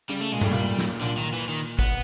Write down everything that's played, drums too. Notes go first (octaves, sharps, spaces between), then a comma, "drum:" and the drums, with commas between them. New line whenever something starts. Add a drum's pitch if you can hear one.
C#3 G3
A3
A#2 G#3
A2 G3, drum: tom G2
A#2
drum: snare
A#2 D3
D#3
E3
D#3
B3, drum: kick G#1